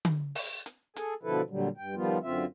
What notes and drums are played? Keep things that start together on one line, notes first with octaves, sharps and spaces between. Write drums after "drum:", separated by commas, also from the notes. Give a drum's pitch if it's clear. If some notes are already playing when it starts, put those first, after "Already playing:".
drum: tom D3
drum: open hi-hat
drum: hi-hat
G#4 A4 G#5, drum: hi-hat
B2 D3 F3 E4 A4 B4
A#2 D3 F#3 G3
G2 G5
D#3 F3 G3 B3 F4
F#2 D3 C4 F4 E5